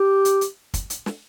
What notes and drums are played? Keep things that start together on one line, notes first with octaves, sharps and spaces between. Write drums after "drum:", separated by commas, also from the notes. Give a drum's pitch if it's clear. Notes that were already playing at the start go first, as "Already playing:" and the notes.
Already playing: G4
drum: hi-hat
drum: hi-hat
drum: kick, hi-hat
drum: hi-hat
drum: snare